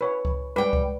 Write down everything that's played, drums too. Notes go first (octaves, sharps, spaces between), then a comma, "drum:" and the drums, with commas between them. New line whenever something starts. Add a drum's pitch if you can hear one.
B4 C#5
drum: kick C#2
G3 B4 D5 G5
drum: kick C#2